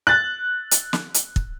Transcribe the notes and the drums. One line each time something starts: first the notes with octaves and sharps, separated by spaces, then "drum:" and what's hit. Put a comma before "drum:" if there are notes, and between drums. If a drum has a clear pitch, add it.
F#6 A6
drum: hi-hat
drum: snare
drum: hi-hat
drum: kick